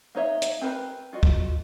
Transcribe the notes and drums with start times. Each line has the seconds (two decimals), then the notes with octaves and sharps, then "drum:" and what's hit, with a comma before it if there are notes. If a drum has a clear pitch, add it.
0.15 A#3 D#4 C#5 E5
0.42 drum: hi-hat
0.61 C4 G4 A#4 B4
1.13 F4 F#4 D#5
1.23 drum: kick